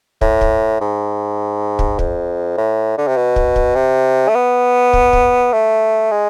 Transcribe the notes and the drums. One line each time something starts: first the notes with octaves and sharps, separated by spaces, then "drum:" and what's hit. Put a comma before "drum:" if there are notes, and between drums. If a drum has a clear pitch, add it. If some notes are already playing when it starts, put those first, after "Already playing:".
A2, drum: kick
drum: kick
G#2
drum: kick
F2, drum: kick
A2
D3
C3
B2
drum: kick
drum: kick
C3
A3
B3
drum: kick
drum: kick
A3
G#3